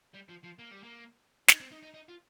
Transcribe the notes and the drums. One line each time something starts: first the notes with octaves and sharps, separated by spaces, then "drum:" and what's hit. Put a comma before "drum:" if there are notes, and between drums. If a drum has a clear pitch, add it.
G3
F3
F3
A#3
G3
A#3
D#4, drum: snare
C4
D#4
D#4
D#4
F4